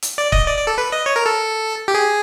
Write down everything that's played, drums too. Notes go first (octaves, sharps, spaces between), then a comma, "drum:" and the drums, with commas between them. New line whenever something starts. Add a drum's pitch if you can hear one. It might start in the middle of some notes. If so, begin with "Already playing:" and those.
drum: hi-hat
D5
D#5, drum: kick C#1
D5
D5
A4
B4
D#5
C#5
A#4
A4
G4
G#4